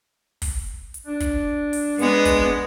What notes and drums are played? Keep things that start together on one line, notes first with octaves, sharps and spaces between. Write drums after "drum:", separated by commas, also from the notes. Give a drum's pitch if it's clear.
drum: kick, open hi-hat
drum: hi-hat
D4
drum: kick, hi-hat
drum: open hi-hat
G#3 B3, drum: hi-hat
drum: kick, hi-hat